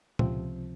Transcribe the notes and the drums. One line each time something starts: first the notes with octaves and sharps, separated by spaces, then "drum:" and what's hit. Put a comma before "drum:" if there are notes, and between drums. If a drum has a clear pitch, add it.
C#2 C3 F3 C4, drum: tom A#2